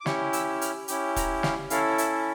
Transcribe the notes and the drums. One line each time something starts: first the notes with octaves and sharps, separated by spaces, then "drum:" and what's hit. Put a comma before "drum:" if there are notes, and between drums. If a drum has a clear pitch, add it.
D6
C#4 E4 G4 C#6, drum: snare
E6, drum: hi-hat
F6, drum: hi-hat
C#4 E4 G4, drum: hi-hat
A#5, drum: kick E1, hi-hat
F5, drum: snare
C#4 E4 A4 F5, drum: hi-hat
E5, drum: hi-hat